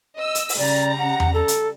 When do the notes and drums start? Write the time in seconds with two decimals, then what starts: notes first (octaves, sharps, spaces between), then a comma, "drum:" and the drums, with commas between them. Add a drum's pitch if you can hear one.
0.18 D#5 E6
0.35 drum: hi-hat
0.49 drum: open hi-hat
0.58 C#3 G3 D5 A#5
0.99 F#5
1.20 drum: tom E2
1.34 A4
1.48 drum: hi-hat